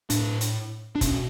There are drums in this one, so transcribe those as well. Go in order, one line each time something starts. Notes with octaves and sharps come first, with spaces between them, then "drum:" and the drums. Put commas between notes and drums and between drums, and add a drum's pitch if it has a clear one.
A2 D4, drum: hi-hat
drum: hi-hat
D4
B2 C#4, drum: kick F1, hi-hat